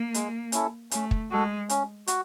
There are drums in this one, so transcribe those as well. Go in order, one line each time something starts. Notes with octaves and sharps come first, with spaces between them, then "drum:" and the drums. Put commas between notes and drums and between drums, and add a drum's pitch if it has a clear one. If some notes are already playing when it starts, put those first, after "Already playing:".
Already playing: A#3
G#3, drum: hi-hat
C#4 E4 A4, drum: hi-hat
A3 C#4, drum: hi-hat
drum: kick
G#3 F#4 A4
C#4, drum: hi-hat
F#4, drum: hi-hat